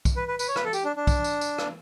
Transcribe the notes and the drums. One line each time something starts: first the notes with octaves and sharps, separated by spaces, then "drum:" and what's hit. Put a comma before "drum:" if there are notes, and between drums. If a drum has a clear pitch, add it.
drum: kick, tambourine
B4
B4
B4, drum: tambourine
C#5
B4, drum: rim click
A4
G4, drum: tambourine
D4
D4
drum: kick, tambourine
drum: tambourine
drum: tambourine
drum: rim click